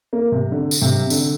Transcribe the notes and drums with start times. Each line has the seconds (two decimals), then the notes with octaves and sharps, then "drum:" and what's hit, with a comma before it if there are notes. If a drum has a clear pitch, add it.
0.13 A#3
0.32 C3
0.52 D3
0.71 drum: tambourine
0.82 C3
1.10 D3, drum: tambourine